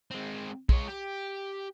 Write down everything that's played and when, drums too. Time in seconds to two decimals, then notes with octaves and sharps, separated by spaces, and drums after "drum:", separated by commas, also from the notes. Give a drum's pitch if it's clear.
0.11 G#3 C4
0.69 G#3 C#5, drum: kick
0.88 G4